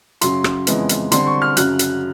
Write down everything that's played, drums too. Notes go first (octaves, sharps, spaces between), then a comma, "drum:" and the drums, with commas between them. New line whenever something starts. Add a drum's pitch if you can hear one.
F#2 C#3 F#3 C6, drum: hi-hat
drum: rim click
F2 C#3 E3 G#3 B3, drum: hi-hat
drum: hi-hat
D3 G3 C4 C6, drum: hi-hat
C#6
F6
F#2 C#3 F#3 F#6, drum: hi-hat
drum: hi-hat